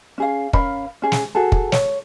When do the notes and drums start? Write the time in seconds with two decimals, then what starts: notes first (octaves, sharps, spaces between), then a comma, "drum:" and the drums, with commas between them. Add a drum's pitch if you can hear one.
0.18 C#4 G#4 F5
0.53 C#4 A#4 F5 B5, drum: kick
1.02 C#4 G#4
1.12 drum: snare
1.35 F#4 G#4 A4
1.52 drum: kick
1.72 C#5, drum: snare